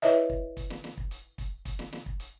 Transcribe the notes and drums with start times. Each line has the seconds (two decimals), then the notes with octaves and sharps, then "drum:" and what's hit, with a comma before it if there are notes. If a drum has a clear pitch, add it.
0.02 E4 B4 C#5 D#5 E5, drum: hi-hat
0.30 drum: kick
0.57 drum: kick, hi-hat
0.70 drum: snare
0.84 drum: snare
0.97 drum: kick
1.11 drum: hi-hat
1.38 drum: kick, hi-hat
1.65 drum: kick, hi-hat
1.79 drum: snare
1.93 drum: snare
2.06 drum: kick
2.20 drum: hi-hat